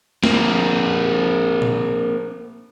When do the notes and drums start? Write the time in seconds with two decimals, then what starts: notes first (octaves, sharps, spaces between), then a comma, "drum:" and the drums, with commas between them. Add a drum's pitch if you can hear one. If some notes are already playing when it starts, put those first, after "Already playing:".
0.24 A#3 C4, drum: snare
1.62 drum: tom A#2